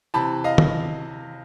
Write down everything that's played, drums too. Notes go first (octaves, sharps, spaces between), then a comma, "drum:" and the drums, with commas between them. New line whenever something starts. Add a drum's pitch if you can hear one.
C3 E3 A5 B5
D#5 F5
drum: tom